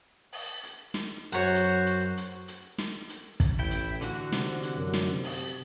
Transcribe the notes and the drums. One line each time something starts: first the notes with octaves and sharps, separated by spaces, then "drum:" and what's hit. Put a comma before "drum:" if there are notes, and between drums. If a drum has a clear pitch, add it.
drum: open hi-hat
drum: hi-hat
drum: snare
F#2 F#4 C5 C#5 F#5
drum: hi-hat
drum: hi-hat
drum: hi-hat
drum: hi-hat
drum: snare
drum: hi-hat
drum: kick, hi-hat
A1 E4 G5
drum: hi-hat
D3 E3 F#4, drum: hi-hat
C3, drum: snare
drum: hi-hat
F#2
drum: snare
C3
drum: open hi-hat